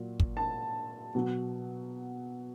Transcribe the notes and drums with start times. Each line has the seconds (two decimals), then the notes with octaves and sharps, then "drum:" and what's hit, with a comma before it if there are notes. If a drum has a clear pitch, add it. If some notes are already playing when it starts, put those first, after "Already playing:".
Already playing: A#2 F#3
0.20 drum: kick
0.37 A5
1.15 B2 F#3